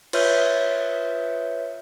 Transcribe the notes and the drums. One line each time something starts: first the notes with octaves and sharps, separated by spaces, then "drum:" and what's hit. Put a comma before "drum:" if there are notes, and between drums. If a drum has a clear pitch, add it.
F4 B4 C#5 E5 F6 G6, drum: cymbal